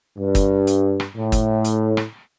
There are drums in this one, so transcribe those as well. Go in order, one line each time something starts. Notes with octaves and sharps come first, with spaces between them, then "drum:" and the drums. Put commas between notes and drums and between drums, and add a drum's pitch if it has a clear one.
G2
drum: kick, hi-hat
drum: hi-hat
drum: rim click
A2
drum: kick, hi-hat
drum: hi-hat
drum: rim click